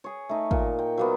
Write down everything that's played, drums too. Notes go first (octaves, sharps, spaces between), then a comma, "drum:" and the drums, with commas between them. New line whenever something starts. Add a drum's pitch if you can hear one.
G#4 C#5
A3 D#4
A#2, drum: kick
G5
F#3 A#3 B3